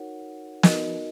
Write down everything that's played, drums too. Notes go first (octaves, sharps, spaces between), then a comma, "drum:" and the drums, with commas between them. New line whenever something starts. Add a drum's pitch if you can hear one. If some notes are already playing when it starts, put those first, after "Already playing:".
Already playing: D#4 F#4 A#4 C#5 F#5
D#4 F#4 A#4 D#5, drum: snare